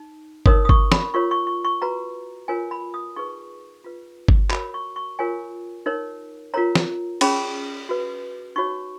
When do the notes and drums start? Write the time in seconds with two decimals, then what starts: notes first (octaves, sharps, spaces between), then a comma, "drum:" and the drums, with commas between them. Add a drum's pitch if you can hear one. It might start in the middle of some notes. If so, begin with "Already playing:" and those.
Already playing: D#4
0.46 D#4 A#4 C#5 D#6, drum: kick G1
0.65 D#6
0.69 C#6, drum: kick G1
0.92 B5, drum: snare
1.14 F4 A#4 C#5 C#6
1.31 C#6
1.47 C#6
1.65 C#6
1.82 F#4 B4 A#5
2.48 F4 A#4 C#5 G#5
2.71 B5
2.94 D#6
3.16 D#4 G#4 B4 C#6
3.84 F4 B4
4.28 drum: kick G1
4.51 F#4 A#4 C#5 B5, drum: clap
4.74 C#6
4.96 C#6
5.19 F4 A#4 C#5 G#5
5.86 D#4 A#4 C#5
6.54 F4 A#4 C#5 A#5
6.75 drum: snare
7.21 C#4 G#4 C#5 B5, drum: cymbal
7.89 F#4 B4
8.56 D#4 F#4 C#5 C#6